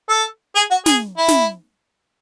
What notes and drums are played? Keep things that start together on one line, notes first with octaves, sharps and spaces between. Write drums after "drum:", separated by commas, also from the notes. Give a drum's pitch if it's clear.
A4
G#4
F#4
G#4, drum: snare
E4
drum: snare